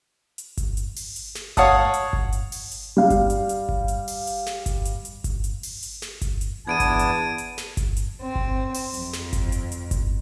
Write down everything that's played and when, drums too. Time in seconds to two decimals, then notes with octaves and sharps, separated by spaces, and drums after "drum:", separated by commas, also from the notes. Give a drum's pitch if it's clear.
0.38 drum: hi-hat
0.57 drum: kick G1, hi-hat
0.77 drum: hi-hat
0.96 drum: open hi-hat
1.16 drum: hi-hat
1.35 drum: snare
1.57 C#5 F5 F#5 A5 D#6, drum: kick G1, hi-hat
1.94 drum: hi-hat
2.13 drum: kick G1
2.33 drum: hi-hat
2.52 drum: open hi-hat
2.71 drum: hi-hat
2.97 G3 F5
3.10 drum: kick G1, hi-hat
3.30 drum: hi-hat
3.49 drum: hi-hat
3.69 drum: kick G1
3.88 drum: hi-hat
4.08 drum: open hi-hat
4.27 drum: hi-hat
4.46 drum: snare
4.66 drum: kick G1, hi-hat
4.85 drum: hi-hat
5.05 drum: hi-hat
5.24 drum: kick G1, hi-hat
5.44 drum: hi-hat
5.63 drum: open hi-hat
5.83 drum: hi-hat
6.02 drum: snare
6.22 drum: kick G1, hi-hat
6.41 drum: hi-hat
6.67 E2 B3 D4 E4 A5 G#6 D7 D#7
6.80 drum: kick G1, hi-hat
6.99 drum: hi-hat
7.38 drum: hi-hat
7.58 drum: snare
7.77 drum: kick G1, hi-hat
7.97 drum: hi-hat
8.22 C4
8.35 drum: kick G1
8.74 drum: open hi-hat
8.94 F2, drum: hi-hat
9.13 drum: snare
9.33 drum: kick G1, hi-hat
9.52 drum: hi-hat
9.72 drum: hi-hat
9.91 drum: kick G1, hi-hat